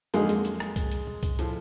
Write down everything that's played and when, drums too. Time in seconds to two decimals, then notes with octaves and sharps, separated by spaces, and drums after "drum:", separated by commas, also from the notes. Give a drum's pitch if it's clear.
0.14 F2 D3 F#3 G#3 A#3 D#4, drum: hi-hat
0.29 drum: hi-hat
0.45 drum: hi-hat
0.60 drum: rim click
0.76 drum: kick C2, hi-hat
0.92 drum: hi-hat
1.07 drum: tom B2
1.23 drum: kick C2, hi-hat
1.39 A2 F3 A3, drum: hi-hat